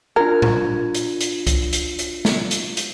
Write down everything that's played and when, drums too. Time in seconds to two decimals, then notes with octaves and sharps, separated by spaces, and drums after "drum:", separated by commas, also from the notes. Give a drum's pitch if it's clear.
0.16 D4 F4 A#4 G#6
0.42 drum: tom A2
0.95 drum: hi-hat
1.21 drum: hi-hat
1.47 drum: kick C2, hi-hat
1.73 drum: hi-hat
1.99 drum: hi-hat
2.25 drum: snare
2.51 drum: hi-hat
2.77 drum: hi-hat